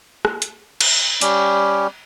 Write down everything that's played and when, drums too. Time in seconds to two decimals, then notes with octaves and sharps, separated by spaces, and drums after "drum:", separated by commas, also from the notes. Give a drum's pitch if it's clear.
0.25 drum: rim click
0.42 drum: hi-hat
0.81 drum: cymbal
1.21 G3 C#4 G4, drum: hi-hat